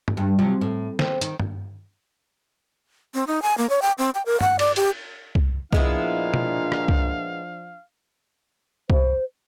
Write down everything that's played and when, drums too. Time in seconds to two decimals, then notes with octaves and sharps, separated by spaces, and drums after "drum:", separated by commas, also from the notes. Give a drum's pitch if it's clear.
0.08 drum: tom G2
0.17 G2
0.39 C3 F3 F#3
0.61 A2
0.99 C4, drum: snare
1.21 D#3, drum: hi-hat
1.40 drum: tom G2
3.14 C4
3.27 D#4
3.42 G#5
3.58 A#3
3.70 C#5
3.82 G5
3.98 C4
4.15 G5
4.26 A#4
4.41 F#5, drum: tom G2
4.59 D5, drum: cymbal
4.76 G4, drum: hi-hat
5.35 drum: kick C2
5.73 A#2 F3 G#3 B3 D4 E4 F5, drum: kick C2
6.34 drum: tom B2
6.72 drum: rim click
6.88 drum: kick C2
8.90 C5, drum: kick C2